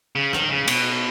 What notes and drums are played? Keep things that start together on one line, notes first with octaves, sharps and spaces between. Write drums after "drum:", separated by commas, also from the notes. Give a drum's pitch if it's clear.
C#3
D#3, drum: rim click
C#3
B2, drum: cymbal